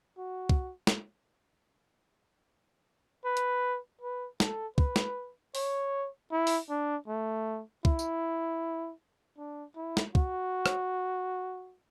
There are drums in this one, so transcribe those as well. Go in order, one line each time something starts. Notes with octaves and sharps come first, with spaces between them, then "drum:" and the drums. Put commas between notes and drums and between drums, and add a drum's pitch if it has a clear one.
F#4
drum: kick
drum: snare
B4
drum: hi-hat
B4
A4, drum: snare
B4, drum: kick
drum: snare
C#5, drum: open hi-hat
E4
drum: open hi-hat
D4
A3
E4, drum: kick
drum: tambourine
D4
E4
drum: snare
F#4, drum: kick
drum: rim click